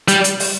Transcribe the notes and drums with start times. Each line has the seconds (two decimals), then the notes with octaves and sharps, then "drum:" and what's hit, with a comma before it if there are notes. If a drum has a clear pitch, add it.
0.08 G3, drum: hi-hat
0.24 drum: hi-hat
0.40 drum: open hi-hat